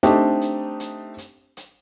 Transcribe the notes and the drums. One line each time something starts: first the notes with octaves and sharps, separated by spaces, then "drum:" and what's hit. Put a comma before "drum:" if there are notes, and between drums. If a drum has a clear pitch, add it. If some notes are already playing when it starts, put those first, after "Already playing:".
A3 C4 D4 D#4 G4, drum: hi-hat
drum: hi-hat
drum: hi-hat
drum: hi-hat
drum: hi-hat